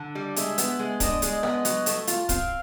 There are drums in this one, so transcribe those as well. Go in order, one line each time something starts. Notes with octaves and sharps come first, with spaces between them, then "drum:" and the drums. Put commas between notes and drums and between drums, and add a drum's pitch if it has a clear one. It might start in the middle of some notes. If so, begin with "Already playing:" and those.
Already playing: D3
G3
G#3 E5, drum: hi-hat
B3, drum: hi-hat
G#3
D4 D#5, drum: kick, hi-hat
G#3, drum: hi-hat
D#5
B3, drum: rim click
F#3, drum: hi-hat
A3, drum: hi-hat
F4, drum: hi-hat
C4 F5, drum: kick, hi-hat